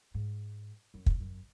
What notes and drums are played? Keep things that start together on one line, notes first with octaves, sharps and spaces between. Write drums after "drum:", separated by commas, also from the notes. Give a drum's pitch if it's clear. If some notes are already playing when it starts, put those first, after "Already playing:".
G#2
F#2
drum: kick
F#2